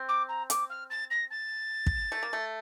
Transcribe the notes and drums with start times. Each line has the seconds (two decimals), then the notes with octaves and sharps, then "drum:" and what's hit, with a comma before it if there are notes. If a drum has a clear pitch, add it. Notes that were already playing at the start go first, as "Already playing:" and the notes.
Already playing: C4
0.08 D6
0.29 A#5
0.50 D6, drum: hi-hat
0.70 F6
0.90 A6
1.10 A#6
1.31 A6
1.86 drum: kick
2.12 A3
2.23 A#3
2.33 A3